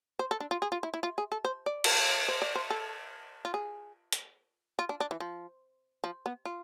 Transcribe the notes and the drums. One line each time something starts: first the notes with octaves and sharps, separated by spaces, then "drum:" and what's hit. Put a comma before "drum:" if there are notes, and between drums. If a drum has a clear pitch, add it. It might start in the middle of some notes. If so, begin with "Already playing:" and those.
C5
A4
D4
F4
G#4
F4
E4
E4
F4
G#4
A4
C5
D5
drum: cymbal
C5
D5
C5
A4
F4
G#4
drum: hi-hat
F4
D4
D4
E3
F3
F3
B3
F4